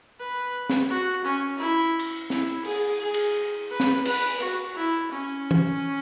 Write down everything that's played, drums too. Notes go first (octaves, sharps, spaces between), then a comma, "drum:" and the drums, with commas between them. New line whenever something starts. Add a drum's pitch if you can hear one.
B4
drum: snare
F#4
C#4
E4
drum: cymbal
E4, drum: snare
G#4, drum: open hi-hat
G#4
drum: cymbal
B4
drum: snare
B4, drum: cymbal
F#4, drum: hi-hat
E4
C#4
drum: tom